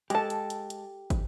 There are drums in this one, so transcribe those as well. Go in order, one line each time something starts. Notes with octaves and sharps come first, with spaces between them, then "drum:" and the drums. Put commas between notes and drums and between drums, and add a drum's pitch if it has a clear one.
G#3 G4 A4 A5, drum: hi-hat
drum: hi-hat
drum: hi-hat
drum: hi-hat
drum: kick, hi-hat